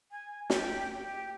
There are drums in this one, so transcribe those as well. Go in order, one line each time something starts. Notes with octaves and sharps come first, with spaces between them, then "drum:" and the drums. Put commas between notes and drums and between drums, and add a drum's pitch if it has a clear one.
G#5
G4, drum: snare
G4